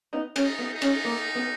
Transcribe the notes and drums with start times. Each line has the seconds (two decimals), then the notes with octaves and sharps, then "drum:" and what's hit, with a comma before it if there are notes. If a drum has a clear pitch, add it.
0.13 B3 D#4
0.36 C#4, drum: cymbal
0.43 D#4
0.58 B3
0.74 D#4
0.82 C#4, drum: cymbal
1.05 A#3
1.35 B3